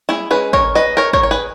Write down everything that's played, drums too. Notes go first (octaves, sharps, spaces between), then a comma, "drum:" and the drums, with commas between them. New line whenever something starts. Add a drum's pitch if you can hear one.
E4 G#4, drum: snare
G#3 C#4 G#4 B4
A#4 C#5, drum: kick
B4 D#5
A#4 C#5
A#4 C#5, drum: kick
C#5
G#4 B4